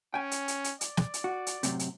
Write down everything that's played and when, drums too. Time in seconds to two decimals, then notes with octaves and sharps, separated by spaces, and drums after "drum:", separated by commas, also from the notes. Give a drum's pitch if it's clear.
0.14 C#4 G5 G#5
0.31 drum: hi-hat
0.48 drum: hi-hat
0.64 drum: hi-hat
0.81 D5, drum: hi-hat
0.97 drum: snare
1.14 drum: hi-hat
1.24 F#4
1.47 drum: hi-hat
1.63 F#2 A2 C3, drum: hi-hat
1.79 drum: hi-hat